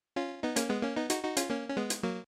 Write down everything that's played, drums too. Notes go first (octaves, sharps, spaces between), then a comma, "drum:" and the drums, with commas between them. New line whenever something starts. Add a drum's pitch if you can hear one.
C#4 F4
B3 D#4
A#3 C#4, drum: hi-hat
G#3 B3
A#3 C#4
B3 D#4
D#4 F#4, drum: hi-hat
D#4 F#4
C#4 F4, drum: hi-hat
A#3 C#4
C#4
G#3 B3
drum: hi-hat
F#3 A#3